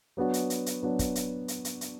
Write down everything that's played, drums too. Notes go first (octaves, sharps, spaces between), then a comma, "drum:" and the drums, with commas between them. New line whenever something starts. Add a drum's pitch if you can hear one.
F#3 B3 D4 F#4
drum: hi-hat
drum: hi-hat
drum: hi-hat
F#3 B3 D4 F#4
drum: kick, hi-hat
drum: hi-hat
drum: hi-hat
drum: hi-hat
drum: hi-hat